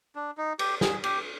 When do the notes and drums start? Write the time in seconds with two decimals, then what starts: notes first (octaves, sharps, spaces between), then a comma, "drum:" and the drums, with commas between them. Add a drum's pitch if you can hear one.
0.15 D4
0.37 D#4
0.59 G4, drum: cymbal
0.81 G#4, drum: snare
1.04 G4, drum: cymbal